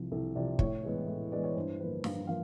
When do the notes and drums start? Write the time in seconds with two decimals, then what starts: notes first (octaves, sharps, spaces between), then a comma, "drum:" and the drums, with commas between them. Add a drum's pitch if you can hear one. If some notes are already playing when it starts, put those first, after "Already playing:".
Already playing: C2 C3 F3
0.12 C2 A4
0.35 C3 F3 D5
0.59 A2 C#5, drum: kick
0.83 E3 G#3 B3
1.07 A2
1.32 E3 G#3 B3 D5
1.44 C#5
1.55 G2 C5
1.80 D3 F3 A#3 B4
2.04 G2 F5, drum: snare
2.27 F3 A#3 F5